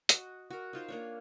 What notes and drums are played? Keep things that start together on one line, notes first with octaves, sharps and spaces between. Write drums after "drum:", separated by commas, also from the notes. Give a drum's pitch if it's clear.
F#4 D#5, drum: hi-hat
F#4 A#4
D#4 F4 C5
A#3 D4 C#5